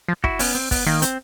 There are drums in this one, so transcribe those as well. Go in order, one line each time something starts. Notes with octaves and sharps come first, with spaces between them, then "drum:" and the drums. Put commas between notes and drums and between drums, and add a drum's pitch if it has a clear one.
F3
E4 F#4, drum: kick
B3 C#4, drum: open hi-hat
C4
B3, drum: kick, open hi-hat
D#3 A#3
C4, drum: hi-hat